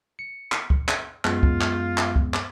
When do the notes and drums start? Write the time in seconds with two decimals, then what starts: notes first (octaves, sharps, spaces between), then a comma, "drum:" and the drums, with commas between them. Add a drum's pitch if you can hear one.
0.19 C#7
0.52 drum: clap
0.70 drum: kick
0.88 drum: clap
1.25 F#2 G#3 B3 F4, drum: clap
1.43 drum: kick
1.61 drum: clap
1.98 drum: clap
2.16 drum: kick
2.34 drum: clap